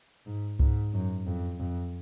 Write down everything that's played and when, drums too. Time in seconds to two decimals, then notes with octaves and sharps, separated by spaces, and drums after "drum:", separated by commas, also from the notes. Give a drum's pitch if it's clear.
0.26 G#2
0.60 G#2, drum: kick C2
0.93 F#2
1.27 F2
1.60 F2